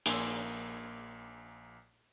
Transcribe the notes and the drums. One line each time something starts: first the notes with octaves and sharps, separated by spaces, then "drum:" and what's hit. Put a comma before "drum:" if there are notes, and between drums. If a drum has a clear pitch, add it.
A#1 A#3 G#5 C6 E6, drum: hi-hat